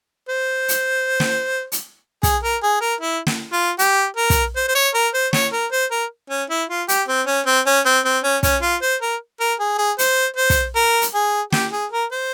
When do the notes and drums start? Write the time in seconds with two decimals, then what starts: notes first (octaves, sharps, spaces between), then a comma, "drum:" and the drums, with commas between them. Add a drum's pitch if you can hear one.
0.29 C5
0.68 drum: hi-hat
1.20 drum: snare
1.72 drum: hi-hat
2.23 G#4, drum: kick, hi-hat
2.43 A#4
2.63 G#4
2.81 A#4
3.00 E4
3.27 drum: snare
3.53 F4
3.79 G4, drum: hi-hat
4.17 A#4
4.30 drum: kick, hi-hat
4.56 C5
4.68 C5
4.75 C#5
4.94 A#4
5.14 C5
5.33 C#5, drum: snare
5.53 A#4
5.72 C5
5.91 A#4
6.30 C#4
6.50 E4
6.69 F4
6.88 G4, drum: hi-hat
7.08 C4
7.27 C#4
7.46 C4
7.66 C#4
7.85 C4
8.05 C4
8.24 C#4
8.43 C#4, drum: kick, hi-hat
8.62 F4
8.82 C5
9.02 A#4
9.40 A#4
9.60 G#4
9.78 G#4
9.99 C5, drum: hi-hat
10.36 C5
10.50 drum: kick, hi-hat
10.76 A#4
11.01 drum: hi-hat
11.14 G#4
11.53 G4, drum: snare
11.72 G#4
11.92 A#4
12.12 C5